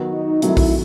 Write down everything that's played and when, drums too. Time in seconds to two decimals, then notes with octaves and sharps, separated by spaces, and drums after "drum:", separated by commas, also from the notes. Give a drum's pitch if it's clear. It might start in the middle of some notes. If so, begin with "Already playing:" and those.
Already playing: D#3 F#3 B3 F#4
0.14 D#4
0.42 C3 D#3 F#3 A3 E4, drum: hi-hat
0.57 drum: kick A#1, open hi-hat